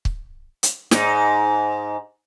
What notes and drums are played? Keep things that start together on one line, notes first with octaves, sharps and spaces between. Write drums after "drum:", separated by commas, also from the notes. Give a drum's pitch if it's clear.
drum: kick
drum: hi-hat
G#2 D#4, drum: snare